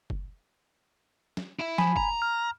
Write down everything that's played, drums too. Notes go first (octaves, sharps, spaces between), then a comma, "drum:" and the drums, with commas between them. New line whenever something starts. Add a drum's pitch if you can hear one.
drum: kick F#1
drum: snare
E4 E5
F3 G#5 B5, drum: snare
A#5, drum: kick F#1
F6